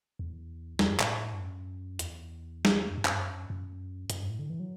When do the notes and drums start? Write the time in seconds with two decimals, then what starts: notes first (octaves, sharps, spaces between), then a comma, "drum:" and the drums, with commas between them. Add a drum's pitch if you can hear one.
0.19 E2
0.79 E2, drum: snare
0.90 F#2
1.00 A2, drum: clap
1.33 G2
1.40 F#2
1.99 E2, drum: hi-hat
2.65 drum: snare
2.89 F#2
2.98 G2
3.05 F#2, drum: clap
3.13 G2
3.20 F#2
3.50 F#2
4.10 F#2, drum: hi-hat
4.20 G2
4.30 A2
4.39 D3
4.50 E3
4.60 F#3